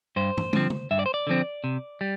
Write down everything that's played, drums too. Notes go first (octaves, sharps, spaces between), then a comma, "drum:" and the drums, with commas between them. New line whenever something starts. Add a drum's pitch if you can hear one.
G2 C5
drum: tom
D3 F3 C4, drum: tom
drum: tom
G2 E5
D5
C5
D5
D3 F3 C4
C3
G3